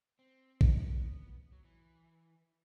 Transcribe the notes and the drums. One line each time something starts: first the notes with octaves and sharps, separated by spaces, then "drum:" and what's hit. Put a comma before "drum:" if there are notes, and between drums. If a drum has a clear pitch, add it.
C4
drum: kick A1
B3
F#3
E3